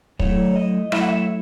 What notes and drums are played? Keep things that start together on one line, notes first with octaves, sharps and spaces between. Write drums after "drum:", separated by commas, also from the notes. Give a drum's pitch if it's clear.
F#3 A3 E4 C#5, drum: kick
D#5
F#3 A3 E4 E5, drum: rim click
F#5
E5